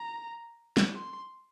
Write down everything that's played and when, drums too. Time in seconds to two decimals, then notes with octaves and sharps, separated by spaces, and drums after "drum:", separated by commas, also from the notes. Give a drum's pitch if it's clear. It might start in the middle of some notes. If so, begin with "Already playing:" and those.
Already playing: A#5
0.77 drum: snare
0.95 C6